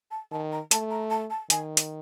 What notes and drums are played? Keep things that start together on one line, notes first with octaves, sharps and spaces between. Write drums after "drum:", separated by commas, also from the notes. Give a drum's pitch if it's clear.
A5
D#3 A5
A#5
A3 A5, drum: hi-hat
A#5
A5
A5
D#3 G#5, drum: hi-hat
drum: hi-hat